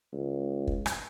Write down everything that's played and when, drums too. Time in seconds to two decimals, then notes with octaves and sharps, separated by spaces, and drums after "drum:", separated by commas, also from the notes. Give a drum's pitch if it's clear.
0.13 C#2
0.67 drum: kick
0.86 drum: rim click